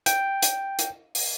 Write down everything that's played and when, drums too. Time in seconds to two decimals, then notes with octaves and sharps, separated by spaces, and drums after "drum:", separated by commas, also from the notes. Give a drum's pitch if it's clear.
0.06 G5, drum: hi-hat
0.42 drum: hi-hat
0.79 drum: hi-hat
1.15 drum: open hi-hat